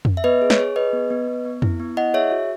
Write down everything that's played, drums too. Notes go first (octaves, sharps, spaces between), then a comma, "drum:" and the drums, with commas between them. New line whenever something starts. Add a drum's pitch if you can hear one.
drum: tom F2
E5
B3 B4 D#5
G#4
C#5, drum: snare
G#4
G#4 B4 D#5
B3
B3
B3
B3
E4, drum: tom F2
B3
E4 D#5 F#5
G#4 C#5 E5
F#4